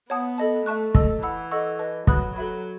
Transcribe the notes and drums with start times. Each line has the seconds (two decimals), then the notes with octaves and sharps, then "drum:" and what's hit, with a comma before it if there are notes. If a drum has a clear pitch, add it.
0.10 B3 C#5 F#5 A5 D#6
0.38 A4 D#5 A5
0.66 A3 E5 A5 C#6 F#6
0.95 A3 D#5 A5 E6, drum: kick
1.23 E3 F#5 B5 E6
1.51 A4 D#5 F#5 C#6 E6
1.79 B4 D#5 A5
2.07 F#3 B4 F#5 B5 D#6 F#6, drum: kick
2.36 F#3 A4 E5 B5